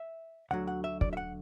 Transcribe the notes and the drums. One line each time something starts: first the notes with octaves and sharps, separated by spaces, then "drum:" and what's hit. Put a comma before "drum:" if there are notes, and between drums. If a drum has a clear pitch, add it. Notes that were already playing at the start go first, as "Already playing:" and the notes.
Already playing: E5
D2 D3 F#3 F#5
F#5
E5
D5, drum: kick
E5
F#5